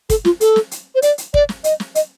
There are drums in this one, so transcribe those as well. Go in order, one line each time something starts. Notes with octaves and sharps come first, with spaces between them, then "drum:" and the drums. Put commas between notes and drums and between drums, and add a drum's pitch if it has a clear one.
A4, drum: kick, hi-hat
F4, drum: snare
A4, drum: hi-hat
drum: snare
drum: hi-hat
C5
D5, drum: hi-hat
drum: hi-hat
D5, drum: kick
drum: snare
D#5, drum: hi-hat
drum: snare
D#5, drum: hi-hat